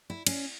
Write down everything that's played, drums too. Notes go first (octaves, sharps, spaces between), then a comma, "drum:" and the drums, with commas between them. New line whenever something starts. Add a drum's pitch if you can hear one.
E4
C#4, drum: cymbal